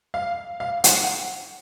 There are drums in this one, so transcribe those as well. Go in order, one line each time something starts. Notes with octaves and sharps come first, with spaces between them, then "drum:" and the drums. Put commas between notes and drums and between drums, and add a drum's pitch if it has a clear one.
F5
F5
F#5, drum: hi-hat